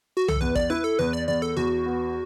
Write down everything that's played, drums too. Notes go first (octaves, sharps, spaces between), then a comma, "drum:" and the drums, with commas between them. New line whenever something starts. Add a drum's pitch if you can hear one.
F#4
A4, drum: tom C2
E2 B4
D5, drum: kick A1
E4 B4
A4
E2 B4
D5
E2 D5
A4
E2 F#4
B3